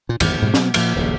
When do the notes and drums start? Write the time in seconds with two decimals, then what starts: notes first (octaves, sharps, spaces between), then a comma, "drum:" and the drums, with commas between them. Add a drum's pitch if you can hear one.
0.09 A#2
0.20 G#1 E2 G2, drum: cymbal
0.42 G#2 B2 G3 A3
0.54 B2 F#3 C4, drum: snare
0.74 A#2 F3 A#3, drum: cymbal
0.95 D#1 A#1 F#2 C#3